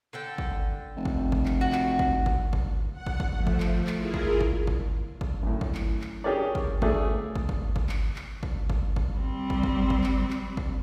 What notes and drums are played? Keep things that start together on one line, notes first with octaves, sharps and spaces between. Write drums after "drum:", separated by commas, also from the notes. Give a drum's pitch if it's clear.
D3 A4 G5
drum: kick
F1
drum: kick
drum: kick
drum: clap
F#4
drum: clap
drum: kick
drum: kick
drum: kick
F#5
drum: kick
drum: kick
F3 A3
drum: kick
drum: clap
drum: clap
E4 F4 G#4 A#4
drum: kick
drum: kick
drum: kick
drum: kick
F#2 A2
drum: kick
drum: clap
drum: clap
C#4 G4 G#4 A#4 C#5 D5
drum: kick
A3 G#4 D5, drum: kick
drum: kick
drum: kick
drum: kick
drum: clap
drum: clap
drum: kick
drum: kick
drum: kick
G3 C4
drum: kick
drum: kick
drum: kick
drum: clap
drum: clap
drum: kick